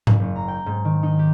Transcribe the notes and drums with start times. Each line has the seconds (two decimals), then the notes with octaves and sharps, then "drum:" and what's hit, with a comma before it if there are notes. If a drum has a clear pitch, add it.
0.07 F#1, drum: tom G#2
0.20 F#1
0.36 A#5
0.48 G5
0.66 G#2
0.85 D#3
1.03 D#4
1.19 G4